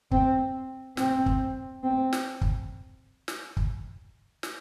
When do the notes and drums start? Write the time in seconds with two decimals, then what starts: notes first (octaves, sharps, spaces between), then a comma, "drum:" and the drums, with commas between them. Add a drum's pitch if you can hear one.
0.11 C4, drum: kick
0.97 C4, drum: snare
1.26 drum: kick
1.83 C4
2.13 drum: snare
2.41 drum: kick
3.28 drum: snare
3.57 drum: kick
4.43 drum: snare